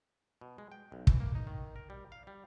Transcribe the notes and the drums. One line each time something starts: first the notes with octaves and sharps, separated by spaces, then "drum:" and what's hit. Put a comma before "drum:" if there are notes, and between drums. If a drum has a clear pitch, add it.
B2
G#3
G5
B1
E3, drum: kick
A#3
D#4
D#3
A#4
G3
F5
G3